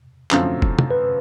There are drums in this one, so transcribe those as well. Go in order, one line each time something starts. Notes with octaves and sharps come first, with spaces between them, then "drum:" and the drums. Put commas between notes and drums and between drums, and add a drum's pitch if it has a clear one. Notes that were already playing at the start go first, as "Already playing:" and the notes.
F#2 D3 F3 A3 C4, drum: clap
drum: kick
drum: tom
B4